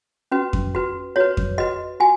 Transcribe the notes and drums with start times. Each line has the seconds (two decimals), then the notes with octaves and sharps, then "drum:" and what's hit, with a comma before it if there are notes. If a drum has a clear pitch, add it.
0.32 C#4 F#4 B4
0.53 drum: kick F2
0.75 F#4 B4
1.16 F#4 B4 C#5
1.37 drum: kick F2
1.58 F#4 B4 D#5
2.00 F#4 G#5